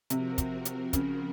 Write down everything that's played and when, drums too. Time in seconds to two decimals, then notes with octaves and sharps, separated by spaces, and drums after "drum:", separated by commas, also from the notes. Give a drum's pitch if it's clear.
0.10 C3 F3 C4 F#4 A#4, drum: hi-hat
0.38 drum: kick, hi-hat
0.65 drum: hi-hat
0.93 C#3, drum: kick, hi-hat